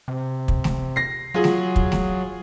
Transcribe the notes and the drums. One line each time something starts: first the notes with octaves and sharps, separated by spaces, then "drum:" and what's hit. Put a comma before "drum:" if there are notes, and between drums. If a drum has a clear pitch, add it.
C3
drum: kick
drum: snare A3
A#6 C7
F#3 F4 G#4
drum: snare A3
drum: kick
drum: snare A3